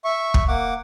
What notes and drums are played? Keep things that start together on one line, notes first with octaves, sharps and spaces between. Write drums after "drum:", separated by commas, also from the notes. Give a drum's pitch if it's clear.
E5 C#6
drum: kick
A#3 F#5 D6